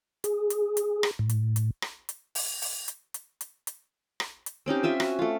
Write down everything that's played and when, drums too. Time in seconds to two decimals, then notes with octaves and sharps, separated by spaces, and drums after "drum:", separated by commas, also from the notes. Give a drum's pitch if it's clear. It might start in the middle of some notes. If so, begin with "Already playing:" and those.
0.24 G#4, drum: hi-hat
0.50 drum: hi-hat
0.77 drum: hi-hat
1.03 drum: rim click
1.19 A2
1.29 drum: hi-hat
1.56 drum: hi-hat
1.82 drum: rim click
2.09 drum: hi-hat
2.35 drum: open hi-hat
2.61 drum: open hi-hat
2.88 drum: hi-hat
3.14 drum: hi-hat
3.41 drum: hi-hat
3.67 drum: hi-hat
4.20 drum: rim click
4.46 drum: hi-hat
4.66 C4 C#4 D#4 G4
4.83 F4 E5 G5 G#5
5.00 F#4, drum: rim click
5.19 A3 F4